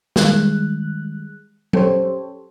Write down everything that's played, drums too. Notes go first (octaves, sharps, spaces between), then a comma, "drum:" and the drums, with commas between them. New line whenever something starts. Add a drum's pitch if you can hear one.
D#3 G3 G#3 F#6, drum: snare
C#4 G4 A4 C5 C#5, drum: tom F#3